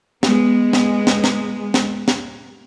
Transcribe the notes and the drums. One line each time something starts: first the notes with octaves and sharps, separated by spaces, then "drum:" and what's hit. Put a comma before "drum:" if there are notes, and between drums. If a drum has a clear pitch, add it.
G#3 B3, drum: snare
drum: snare
drum: snare
drum: snare
drum: snare
drum: snare